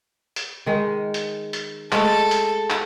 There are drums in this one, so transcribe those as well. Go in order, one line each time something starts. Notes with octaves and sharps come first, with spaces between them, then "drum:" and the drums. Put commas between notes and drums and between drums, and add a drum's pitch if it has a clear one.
drum: hi-hat
D#3 G#3
drum: hi-hat
drum: hi-hat
G#3 A3 A4 A5, drum: clap
drum: hi-hat
drum: clap